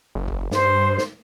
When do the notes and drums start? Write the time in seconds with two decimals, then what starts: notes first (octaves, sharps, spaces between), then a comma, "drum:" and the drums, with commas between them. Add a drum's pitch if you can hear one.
0.15 F#1
0.28 drum: kick A#1
0.51 G2 C5, drum: snare
0.98 drum: snare